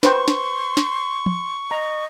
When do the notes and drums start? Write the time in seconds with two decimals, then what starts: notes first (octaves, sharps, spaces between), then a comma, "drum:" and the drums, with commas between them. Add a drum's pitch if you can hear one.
0.03 B4 C5 G5 C6 C#6, drum: snare
0.28 drum: snare
0.77 drum: snare
1.26 drum: tom
1.71 D#5 A#5